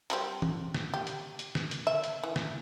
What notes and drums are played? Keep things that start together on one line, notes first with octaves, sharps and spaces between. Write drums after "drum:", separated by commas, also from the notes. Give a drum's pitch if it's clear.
F#3 G3 C4, drum: hi-hat
drum: tom
drum: snare
G4
drum: hi-hat
drum: hi-hat
drum: snare
drum: hi-hat
E5
drum: hi-hat
E3
drum: snare